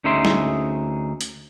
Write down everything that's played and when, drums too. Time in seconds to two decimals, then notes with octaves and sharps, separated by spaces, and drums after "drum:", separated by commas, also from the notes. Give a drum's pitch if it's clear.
0.04 D2 C#4 D#4 G#4 E5 C6
0.25 drum: snare
1.21 drum: hi-hat